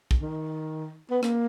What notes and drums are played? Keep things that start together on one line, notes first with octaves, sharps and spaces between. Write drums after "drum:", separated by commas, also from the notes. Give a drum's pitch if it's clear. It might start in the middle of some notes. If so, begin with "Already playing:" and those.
drum: kick
D#3
B3
A#3, drum: rim click